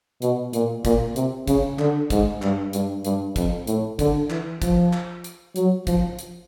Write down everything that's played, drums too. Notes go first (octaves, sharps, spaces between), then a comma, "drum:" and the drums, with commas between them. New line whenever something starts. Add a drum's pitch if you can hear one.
B2, drum: hi-hat
A#2, drum: hi-hat
A#2, drum: kick, hi-hat
C3, drum: hi-hat
C#3, drum: kick, hi-hat
D3, drum: clap
G#2, drum: kick, hi-hat
G2, drum: clap
G2, drum: hi-hat
G2, drum: hi-hat
F2, drum: kick, hi-hat
A2, drum: hi-hat
D3, drum: kick, hi-hat
E3, drum: clap
F3, drum: kick, hi-hat
drum: clap
drum: hi-hat
F#3, drum: hi-hat
F3, drum: kick, hi-hat
drum: hi-hat